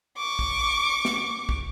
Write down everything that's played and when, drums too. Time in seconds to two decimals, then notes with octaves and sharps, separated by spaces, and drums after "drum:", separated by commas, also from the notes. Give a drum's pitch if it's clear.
0.17 C#6 D6
0.39 drum: kick
1.05 drum: snare
1.49 drum: kick